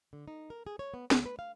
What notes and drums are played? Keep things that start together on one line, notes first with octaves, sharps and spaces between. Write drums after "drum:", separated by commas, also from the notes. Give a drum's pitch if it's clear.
D3
D#4
A#4
G#4
C#5
B3
D2, drum: snare
B4
F5